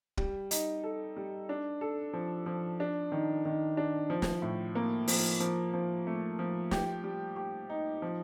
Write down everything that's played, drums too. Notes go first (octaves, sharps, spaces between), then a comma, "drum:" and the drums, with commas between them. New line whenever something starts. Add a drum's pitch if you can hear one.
G3, drum: kick
D#4, drum: hi-hat
A4
G3
D4
A4
F3
F3
D4
D#3
D#3
D4
F3
drum: snare
A2
A#3
F3, drum: open hi-hat
F3
F3
A3
F3
G4, drum: snare
G3
G4
D#4
F3